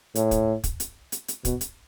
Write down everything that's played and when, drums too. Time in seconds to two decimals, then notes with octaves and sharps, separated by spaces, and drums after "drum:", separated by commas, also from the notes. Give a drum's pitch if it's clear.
0.15 A2, drum: hi-hat
0.31 drum: kick, hi-hat
0.64 drum: kick, hi-hat
0.80 drum: hi-hat
1.12 drum: hi-hat
1.28 drum: hi-hat
1.45 B2, drum: kick, hi-hat
1.61 drum: hi-hat